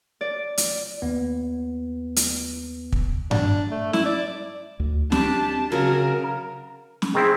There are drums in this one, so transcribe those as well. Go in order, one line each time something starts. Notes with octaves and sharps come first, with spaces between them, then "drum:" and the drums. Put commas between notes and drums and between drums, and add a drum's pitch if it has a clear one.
D5
drum: hi-hat
D#2 B3
drum: hi-hat
drum: kick
D4, drum: tom G2
A3
E4, drum: snare
D5
D2
C4 D4 G4 A5, drum: snare
C#3 F#3 A#4
A#4
drum: snare
D#3 C4 E4 G#4